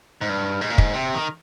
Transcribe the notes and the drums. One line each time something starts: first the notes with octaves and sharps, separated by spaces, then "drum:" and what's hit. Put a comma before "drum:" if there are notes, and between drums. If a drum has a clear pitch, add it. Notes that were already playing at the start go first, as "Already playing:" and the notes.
G#2
G2
G#2
A#2
G#2, drum: kick
C3
D#3